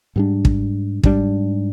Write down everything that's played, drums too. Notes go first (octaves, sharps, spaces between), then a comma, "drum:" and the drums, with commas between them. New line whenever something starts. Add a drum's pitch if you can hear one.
G#2 G3 D4
drum: kick
G#2 G3 D4, drum: kick